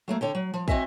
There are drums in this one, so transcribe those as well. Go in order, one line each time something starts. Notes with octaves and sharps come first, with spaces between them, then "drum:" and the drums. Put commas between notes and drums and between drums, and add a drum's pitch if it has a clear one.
F#3 A3 A#3
D3 C#5 G5
F#3
F3
C4 F#4 D#5 E5 G#5, drum: kick